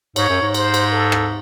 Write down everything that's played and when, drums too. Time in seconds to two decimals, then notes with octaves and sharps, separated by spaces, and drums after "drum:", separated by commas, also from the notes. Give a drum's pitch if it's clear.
0.16 G#2 C#5, drum: cymbal
0.29 F#2
0.41 G#2
0.54 C5, drum: cymbal
0.74 drum: cymbal
0.93 A4
1.12 drum: rim click